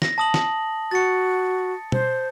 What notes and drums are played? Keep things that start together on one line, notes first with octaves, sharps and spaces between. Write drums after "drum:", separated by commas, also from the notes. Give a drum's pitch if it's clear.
A#6, drum: snare
A5 D#6 F#7
drum: snare
F#4 A6 C#7
C5, drum: tom